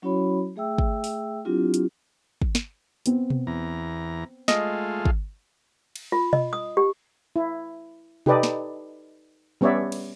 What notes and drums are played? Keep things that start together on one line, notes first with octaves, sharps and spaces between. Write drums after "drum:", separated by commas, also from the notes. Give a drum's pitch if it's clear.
F#3 C#4 E4 F#4 C#5 B5
A3 G#4 E5 G5 E6
drum: kick
drum: open hi-hat
F#3 C4 D4 E4 F4 G4
drum: hi-hat
drum: kick
drum: snare
B3 C4, drum: hi-hat
drum: tom B2
E2 A#5
G#3 A3 F4 D#5, drum: snare
drum: kick
drum: cymbal
F4
D#5, drum: tom B2
D#6
G4
E4
D#4 G4 A4 B4 D5 D#5, drum: tom B2
drum: snare
G3 B3 C#4 C#5 D5 E5
drum: cymbal